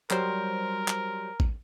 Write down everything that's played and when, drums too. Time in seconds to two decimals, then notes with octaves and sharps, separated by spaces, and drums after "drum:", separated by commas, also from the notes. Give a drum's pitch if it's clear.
0.11 F#3 G3 A#4 C5, drum: clap
0.88 drum: clap
1.40 drum: kick A1